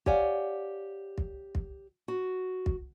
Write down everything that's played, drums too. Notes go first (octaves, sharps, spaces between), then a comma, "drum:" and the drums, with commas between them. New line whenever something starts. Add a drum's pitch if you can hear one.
G4 C#5 D5 F5 F#5 G#5, drum: kick
drum: kick
drum: kick
F#4
drum: kick